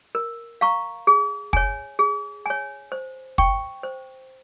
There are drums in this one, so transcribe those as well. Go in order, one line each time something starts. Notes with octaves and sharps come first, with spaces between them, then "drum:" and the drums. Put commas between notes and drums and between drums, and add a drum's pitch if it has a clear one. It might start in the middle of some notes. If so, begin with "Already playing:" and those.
A#4
F5 A#5 C#6
G#4
C#5 G#5, drum: kick
G#4
C#5 G#5
C5
G5 C#6, drum: kick
C5